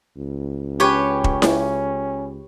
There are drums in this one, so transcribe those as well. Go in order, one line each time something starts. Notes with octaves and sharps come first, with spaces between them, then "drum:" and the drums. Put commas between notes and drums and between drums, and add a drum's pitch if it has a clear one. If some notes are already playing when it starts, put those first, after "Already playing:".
C#2
C#4 G4 B4 C#5
drum: kick E1
drum: snare E4